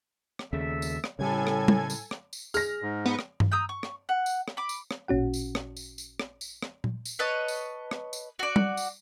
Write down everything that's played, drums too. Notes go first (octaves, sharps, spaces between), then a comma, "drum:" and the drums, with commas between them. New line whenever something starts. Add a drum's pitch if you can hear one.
drum: rim click
D#2 C#3 A4 E5
drum: tambourine
drum: rim click
A2 C#3 G3 A4 G#5 G#6
drum: rim click
drum: tom G3
drum: tambourine
drum: rim click
drum: tambourine
G#4 F6 A#6, drum: tambourine
G#2
B3
drum: rim click
drum: tom G2
A#5 D#6 E6 G6
C#6
drum: rim click
F#5
drum: tambourine
drum: rim click
B5 D6
drum: tambourine
drum: rim click
A1 A#2 C#4 F#4 F#5
drum: tambourine
drum: rim click
drum: tambourine
drum: tambourine
drum: rim click
drum: tambourine
drum: rim click
drum: tom A#2
drum: tambourine
B4 C#5 D#5 A5
drum: tambourine
drum: rim click
drum: tambourine
F#4 D5
drum: tom G3
drum: tambourine